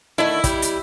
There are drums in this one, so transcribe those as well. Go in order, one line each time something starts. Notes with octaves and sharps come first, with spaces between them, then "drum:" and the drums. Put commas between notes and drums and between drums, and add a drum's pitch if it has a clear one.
D3 D#3 A3 E4
G3, drum: kick, hi-hat
drum: hi-hat